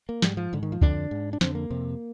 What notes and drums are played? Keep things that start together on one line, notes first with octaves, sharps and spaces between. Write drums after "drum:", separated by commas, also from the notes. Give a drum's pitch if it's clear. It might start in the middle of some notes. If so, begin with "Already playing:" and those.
A#3
G#2 G3, drum: snare
F3
G#2 D3
D#3
F3
F2 D3 D4, drum: kick
G#2
D4
F2 D3 C4, drum: snare
A#3
F2 C3